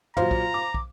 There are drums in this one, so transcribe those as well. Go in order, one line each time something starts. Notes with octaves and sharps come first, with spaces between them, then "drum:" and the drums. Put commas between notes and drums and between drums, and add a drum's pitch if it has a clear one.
A#2 F#3 F4 C5 F5 A#5, drum: tom
drum: kick
D6
drum: kick